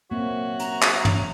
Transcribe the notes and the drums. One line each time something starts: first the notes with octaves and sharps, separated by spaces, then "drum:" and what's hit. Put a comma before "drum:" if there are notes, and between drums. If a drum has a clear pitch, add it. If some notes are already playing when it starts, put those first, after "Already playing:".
F#3 A#3 C4 F#4 C#5 E5
A#5, drum: hi-hat
drum: clap
drum: tom